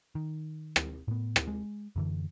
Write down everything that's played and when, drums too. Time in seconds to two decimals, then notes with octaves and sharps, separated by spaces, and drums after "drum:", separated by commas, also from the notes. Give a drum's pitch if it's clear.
0.15 D#3
0.76 drum: rim click
1.08 A2 B3
1.36 drum: rim click
1.48 G#3
1.96 F#2 D3 E3